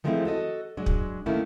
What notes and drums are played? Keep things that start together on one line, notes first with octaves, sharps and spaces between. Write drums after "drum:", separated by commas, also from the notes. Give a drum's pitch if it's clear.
D#3 F3 G#3 A3 C4 E4
F#4 A4 D#5
F#3 G#3 D4
drum: kick
D#3 A3 A#3 C#4 E4